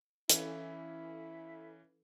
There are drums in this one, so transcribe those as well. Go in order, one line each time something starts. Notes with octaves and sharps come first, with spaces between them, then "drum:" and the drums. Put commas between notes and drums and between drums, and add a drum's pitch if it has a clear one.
E3 C#4 E4 A4 B4 F5, drum: hi-hat